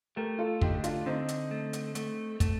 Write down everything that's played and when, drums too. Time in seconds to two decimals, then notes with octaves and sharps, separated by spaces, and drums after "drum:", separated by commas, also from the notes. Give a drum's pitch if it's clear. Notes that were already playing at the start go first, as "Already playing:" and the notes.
0.16 A3 G4 A#4
0.39 F4 A4
0.61 D3 D#4 G4, drum: kick
0.75 G4
0.84 D4 F4, drum: hi-hat
1.06 D3 C4 D#4
1.28 drum: hi-hat
1.51 A3
1.73 drum: hi-hat
1.95 A3, drum: hi-hat
2.40 A3, drum: kick, hi-hat